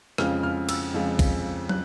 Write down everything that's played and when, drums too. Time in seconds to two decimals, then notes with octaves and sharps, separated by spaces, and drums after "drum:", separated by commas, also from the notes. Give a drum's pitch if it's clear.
0.18 F2 C#3 F3 G#3 F6, drum: rim click
0.43 F6
0.69 E6, drum: cymbal
0.94 F2 C#3 F3 G#3
1.19 drum: kick A#1, cymbal
1.69 F#6, drum: tom